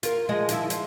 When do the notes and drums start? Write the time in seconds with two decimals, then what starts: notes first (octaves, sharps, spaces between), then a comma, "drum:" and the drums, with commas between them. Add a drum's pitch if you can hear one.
0.03 F4 A#4, drum: hi-hat
0.29 F3 G#3 D#5
0.49 D#3 F3 E4, drum: hi-hat
0.70 C5, drum: hi-hat